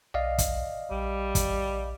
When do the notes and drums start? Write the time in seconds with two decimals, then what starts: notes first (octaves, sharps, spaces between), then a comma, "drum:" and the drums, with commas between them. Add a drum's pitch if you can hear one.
0.14 B1 D5 D#5 F5
0.38 drum: kick, hi-hat
0.91 A#1 G3
1.35 drum: kick, hi-hat